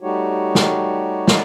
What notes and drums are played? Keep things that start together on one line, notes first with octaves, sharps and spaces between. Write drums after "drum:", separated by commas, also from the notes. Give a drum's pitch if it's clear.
G3 A3 D#4 F#4 G4 C#5
drum: snare
drum: snare